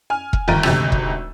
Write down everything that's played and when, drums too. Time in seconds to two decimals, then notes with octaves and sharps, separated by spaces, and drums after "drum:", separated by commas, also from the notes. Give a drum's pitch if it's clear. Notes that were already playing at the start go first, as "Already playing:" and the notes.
0.10 G#5 F6
0.33 drum: kick E1
0.48 G1 D#2 F4 A#4 A6 D#7
0.63 G#1 D2 C3 E6, drum: rim click
0.92 drum: kick E1